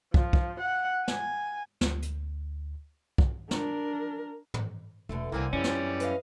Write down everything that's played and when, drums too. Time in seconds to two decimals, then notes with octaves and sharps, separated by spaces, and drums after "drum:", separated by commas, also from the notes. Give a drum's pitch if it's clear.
0.14 F3, drum: kick
0.33 drum: kick
0.60 F#5
1.08 G#5, drum: snare
1.81 D2, drum: snare
2.02 drum: hi-hat
3.18 drum: kick
3.51 D4 A#4, drum: snare
4.54 drum: tom
5.09 E1 B2 D3 A3
5.32 C2 D3 E3 A#3 C4 F5 G#5
5.53 F#2 E3 G3 C#4 D5
5.64 drum: snare
6.00 B4 D#5 F5, drum: hi-hat